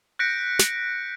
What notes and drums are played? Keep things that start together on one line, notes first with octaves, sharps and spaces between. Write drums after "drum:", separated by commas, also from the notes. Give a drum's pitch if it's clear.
F#6 G6 A#6 B6 C#7 D7
drum: snare